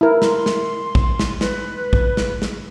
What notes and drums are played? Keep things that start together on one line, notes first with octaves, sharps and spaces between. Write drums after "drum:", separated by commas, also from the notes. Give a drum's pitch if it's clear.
E4 A#4
C6, drum: snare
drum: snare
drum: kick
drum: snare
B4, drum: snare
drum: kick
drum: snare
drum: snare